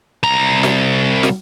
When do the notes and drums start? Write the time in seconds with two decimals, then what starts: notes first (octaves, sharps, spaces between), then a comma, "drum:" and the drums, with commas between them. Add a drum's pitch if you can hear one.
0.23 C2 A#5
0.63 drum: snare
1.23 drum: snare